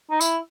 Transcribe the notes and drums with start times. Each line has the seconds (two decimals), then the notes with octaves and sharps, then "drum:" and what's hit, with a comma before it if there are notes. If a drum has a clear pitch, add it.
0.11 D#4
0.21 E4, drum: tambourine